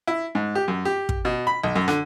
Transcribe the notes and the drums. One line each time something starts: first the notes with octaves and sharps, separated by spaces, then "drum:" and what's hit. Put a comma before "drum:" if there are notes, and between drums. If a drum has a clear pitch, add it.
E4
G#2
G4
F#2
G4
drum: kick
B2
B5
B1
F#2
D3, drum: rim click